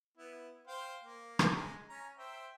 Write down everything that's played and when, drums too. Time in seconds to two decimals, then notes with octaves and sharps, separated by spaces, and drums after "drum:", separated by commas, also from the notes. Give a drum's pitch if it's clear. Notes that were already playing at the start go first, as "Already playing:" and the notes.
0.18 B3 E4
0.67 C5 F5 G5
1.04 A#3
1.39 drum: rim click
1.54 G#3
1.89 C#4 A#5
2.18 C5 E5 G5